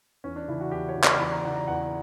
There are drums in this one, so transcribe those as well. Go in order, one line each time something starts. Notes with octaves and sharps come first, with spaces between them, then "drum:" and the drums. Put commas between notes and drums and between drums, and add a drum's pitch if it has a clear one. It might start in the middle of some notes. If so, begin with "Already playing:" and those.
E2 C#4
D4
C#3 E3 E4
F#4
E2 G4
C#5
C#3 E3
D5, drum: clap
E2 B5
A#5
C#3 E3 F#5
A#5
E2 F#5